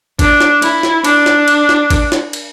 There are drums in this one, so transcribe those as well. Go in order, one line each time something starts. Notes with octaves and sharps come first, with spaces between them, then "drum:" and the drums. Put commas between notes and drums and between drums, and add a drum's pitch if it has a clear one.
D4, drum: kick G#1, cymbal
drum: snare
E4, drum: cymbal
drum: snare
D4, drum: cymbal
drum: snare
drum: cymbal
drum: snare
drum: kick G#1, cymbal
drum: snare
drum: cymbal